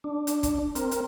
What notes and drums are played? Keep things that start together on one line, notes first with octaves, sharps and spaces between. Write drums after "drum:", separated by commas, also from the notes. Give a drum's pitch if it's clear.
D4
drum: hi-hat
drum: kick, hi-hat
C4 A#4, drum: hi-hat
drum: hi-hat